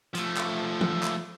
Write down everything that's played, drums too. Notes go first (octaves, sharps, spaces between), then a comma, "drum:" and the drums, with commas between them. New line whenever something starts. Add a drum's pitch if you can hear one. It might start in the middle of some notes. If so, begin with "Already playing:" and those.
F3 A3, drum: hi-hat
drum: clap
drum: tom
drum: clap